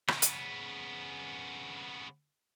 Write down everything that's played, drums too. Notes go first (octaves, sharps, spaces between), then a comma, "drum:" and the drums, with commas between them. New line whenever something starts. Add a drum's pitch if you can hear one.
C#3 B3, drum: rim click
drum: hi-hat